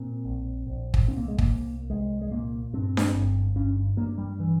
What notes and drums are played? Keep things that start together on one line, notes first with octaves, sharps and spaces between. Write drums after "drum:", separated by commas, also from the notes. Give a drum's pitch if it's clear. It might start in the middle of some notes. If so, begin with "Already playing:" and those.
Already playing: A#2 C4
A#1
A#1
drum: kick
C2 C4
A#3
G#3
A#3, drum: kick
C2
C2 G#3
G#3
A#2 A#3
G2 C4
drum: snare D4
G1
G2 C#4
G2 A#3
G3
E3